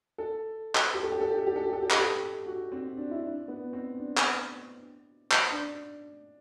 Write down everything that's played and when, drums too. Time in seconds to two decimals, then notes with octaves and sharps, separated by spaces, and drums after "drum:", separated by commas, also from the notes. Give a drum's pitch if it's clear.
0.18 A4
0.75 drum: clap
0.94 G4
1.03 A4
1.12 G4
1.21 A4
1.30 G4
1.38 A4
1.47 G4
1.56 A4
1.65 G4
1.73 A4
1.82 G4
1.91 A4, drum: clap
2.00 G4
2.47 F#4
2.72 C4
2.97 D4
3.11 E4
3.23 D4
3.48 B3
3.73 C4
3.98 D4
4.18 drum: clap
5.32 drum: clap
5.51 D4